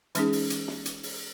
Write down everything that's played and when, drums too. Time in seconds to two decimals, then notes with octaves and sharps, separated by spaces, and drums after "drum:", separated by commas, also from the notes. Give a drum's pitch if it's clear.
0.15 E3 G#3 C#4 D#4 G#4, drum: hi-hat
0.33 drum: open hi-hat
0.50 drum: hi-hat
0.68 drum: snare
0.86 drum: hi-hat
1.03 drum: open hi-hat